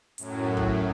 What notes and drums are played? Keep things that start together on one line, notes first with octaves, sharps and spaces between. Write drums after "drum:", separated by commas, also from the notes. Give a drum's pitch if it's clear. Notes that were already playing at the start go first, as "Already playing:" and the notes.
F#2 A2 F#3, drum: hi-hat
drum: kick